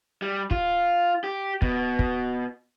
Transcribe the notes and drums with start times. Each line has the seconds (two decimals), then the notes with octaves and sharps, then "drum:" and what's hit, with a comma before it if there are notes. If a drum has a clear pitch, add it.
0.22 G3
0.51 F4, drum: kick
1.24 G4
1.62 B2, drum: kick
1.99 drum: kick